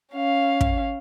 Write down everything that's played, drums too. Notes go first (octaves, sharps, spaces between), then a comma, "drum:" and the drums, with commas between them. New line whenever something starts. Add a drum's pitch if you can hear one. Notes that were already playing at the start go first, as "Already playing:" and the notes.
C#4 F5
drum: kick